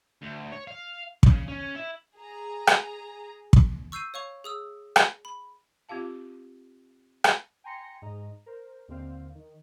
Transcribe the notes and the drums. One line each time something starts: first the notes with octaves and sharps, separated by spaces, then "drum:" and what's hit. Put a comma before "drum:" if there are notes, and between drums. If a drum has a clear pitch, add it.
D2
C#5
F5
C#3, drum: kick
C#4
E4
G#4 A#5
drum: rim click
drum: kick
C#6 E6 G6 C7 D#7
C#5 F5 C#6 F7
G#4 D#6 E6
drum: rim click
B5
C4 F4 G4 F5 A5
drum: rim click
G5 G#5 A#5 C6 A#6 C#7
G#2 D#5 A#5
A#4 C5
D#2 D3 C4 F5
D#3